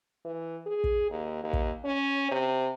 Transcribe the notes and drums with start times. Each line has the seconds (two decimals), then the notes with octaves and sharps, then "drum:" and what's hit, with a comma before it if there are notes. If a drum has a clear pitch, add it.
0.25 E3
0.66 G#4
0.84 drum: kick
1.10 D#2
1.44 D#2
1.53 drum: kick
1.85 C#4
2.31 C3